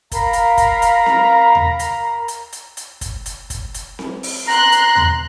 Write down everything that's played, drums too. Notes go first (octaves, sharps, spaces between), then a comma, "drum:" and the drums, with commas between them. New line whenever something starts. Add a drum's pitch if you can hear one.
A#4 F5 A#5 B5, drum: kick, hi-hat
drum: hi-hat
drum: kick, hi-hat
drum: hi-hat
drum: snare C4
drum: tom D#2
drum: hi-hat
drum: hi-hat
drum: hi-hat
drum: hi-hat
drum: kick, hi-hat
drum: hi-hat
drum: kick, hi-hat
drum: hi-hat
drum: snare C4
drum: open hi-hat
A#5 C6 F#6
drum: hi-hat
drum: tom D#2